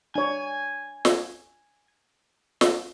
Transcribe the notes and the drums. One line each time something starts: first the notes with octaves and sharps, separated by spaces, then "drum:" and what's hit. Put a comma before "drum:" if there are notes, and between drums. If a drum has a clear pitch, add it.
D4 C#5 G#5
drum: snare
drum: snare